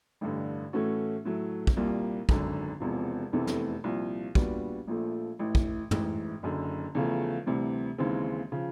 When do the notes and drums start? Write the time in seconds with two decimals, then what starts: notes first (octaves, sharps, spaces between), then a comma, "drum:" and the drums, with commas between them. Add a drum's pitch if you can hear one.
0.21 A1 G2 D3
0.73 A2 E3 A3 C#4 F#4
1.25 A2 F#3 A3
1.67 drum: kick
1.77 C2 A#2 G3 A#3
2.29 G#1 F#2 D3, drum: kick
2.80 E1 E2 C3 F3
3.32 F1 E2 C3 E3 A3
3.47 drum: snare
3.84 C2 A#2 F3
4.35 A#2 G3 B3 D4 F#4, drum: kick
4.87 A#1 A#2 F3 A3
5.39 A1 A2 E3
5.55 drum: kick
5.91 A1 G#2 E3, drum: tom
6.43 F#1 F#2 D3
6.95 E2 C#3 F3 A3
7.47 D2 C3 E3 G3
7.98 D#2 C#3 E3 G#3 C4
8.52 C#3 F3